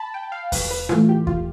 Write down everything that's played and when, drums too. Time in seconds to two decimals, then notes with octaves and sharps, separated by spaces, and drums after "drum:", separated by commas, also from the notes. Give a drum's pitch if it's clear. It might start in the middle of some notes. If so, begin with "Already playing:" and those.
Already playing: A5 B5
0.14 G5
0.32 F5
0.52 B4, drum: kick E2, open hi-hat
0.71 B4
0.89 A2 E3 A3 F4, drum: rim click
1.09 G4
1.27 F4, drum: kick E2